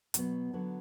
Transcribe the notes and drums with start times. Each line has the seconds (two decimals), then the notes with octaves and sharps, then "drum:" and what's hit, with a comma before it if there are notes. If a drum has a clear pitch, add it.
0.14 B2 F#3 B3, drum: hi-hat
0.53 D3 F#3 B3